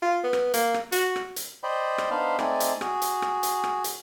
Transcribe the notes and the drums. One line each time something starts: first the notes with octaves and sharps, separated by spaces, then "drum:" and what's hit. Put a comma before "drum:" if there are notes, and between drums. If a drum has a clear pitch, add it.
F4
B3
drum: rim click
A#3, drum: hi-hat
drum: rim click
F#4, drum: hi-hat
drum: rim click
drum: hi-hat
C5 D5 D#5 G5 B5
drum: rim click
B3 D4 D#4 C5 F5 B5
A3 C4 D#4 D5 G#5, drum: rim click
drum: hi-hat
F#4 G#4, drum: rim click
drum: hi-hat
drum: rim click
drum: hi-hat
drum: rim click
drum: hi-hat